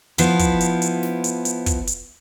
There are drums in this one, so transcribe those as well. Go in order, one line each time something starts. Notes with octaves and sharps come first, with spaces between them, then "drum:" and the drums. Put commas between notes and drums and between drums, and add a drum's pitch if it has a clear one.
F3 B3 E4, drum: hi-hat
drum: kick, hi-hat
drum: hi-hat
drum: hi-hat
drum: snare
drum: hi-hat
drum: hi-hat
drum: kick, hi-hat
drum: hi-hat